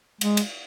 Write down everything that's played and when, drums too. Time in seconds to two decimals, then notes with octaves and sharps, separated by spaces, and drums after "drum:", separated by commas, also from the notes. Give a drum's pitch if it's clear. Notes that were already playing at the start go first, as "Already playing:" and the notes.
0.21 G#3, drum: cymbal
0.37 drum: cymbal